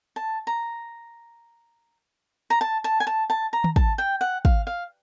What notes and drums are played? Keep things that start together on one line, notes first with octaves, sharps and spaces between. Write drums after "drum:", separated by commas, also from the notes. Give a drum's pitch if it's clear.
A5
A#5
A#5
A5
A5
G#5
A5
A5
A#5
drum: tom D#3
A5, drum: kick
G5
F#5
F5, drum: kick
F5